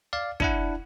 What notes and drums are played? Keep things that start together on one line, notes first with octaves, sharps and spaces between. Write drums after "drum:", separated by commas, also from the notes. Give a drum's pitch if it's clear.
D5 F5
D4 E4 F#5, drum: kick